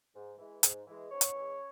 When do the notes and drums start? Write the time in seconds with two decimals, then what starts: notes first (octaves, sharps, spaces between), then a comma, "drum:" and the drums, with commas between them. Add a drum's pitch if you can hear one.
0.15 G#2
0.38 E3 G#3
0.63 G#2, drum: hi-hat
0.87 E3 G#3
1.11 G#2 C#4 C#5
1.21 drum: hi-hat
1.35 E3 G#3